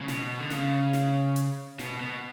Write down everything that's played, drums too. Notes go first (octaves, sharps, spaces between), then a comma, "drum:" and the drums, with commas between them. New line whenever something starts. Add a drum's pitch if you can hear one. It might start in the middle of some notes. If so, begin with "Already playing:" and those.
C#3
B2, drum: snare
D3
C#3, drum: snare
drum: snare
drum: hi-hat
B2, drum: snare
B2